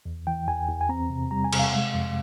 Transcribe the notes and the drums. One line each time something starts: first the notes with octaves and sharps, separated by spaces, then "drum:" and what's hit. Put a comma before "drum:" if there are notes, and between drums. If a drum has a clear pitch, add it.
E2
E3 G5
E2 G#5
E2
G#5
C4 A#5
C3
G3 A#5
G#5
C3, drum: cymbal
F5
G#3
F2